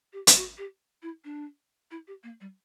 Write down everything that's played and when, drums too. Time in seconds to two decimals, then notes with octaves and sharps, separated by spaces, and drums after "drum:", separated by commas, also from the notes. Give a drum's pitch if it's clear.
0.13 G4
0.27 drum: hi-hat
0.36 F#4
0.58 G4
1.02 E4
1.24 D4
1.91 E4
2.07 G4
2.23 A#3
2.41 G3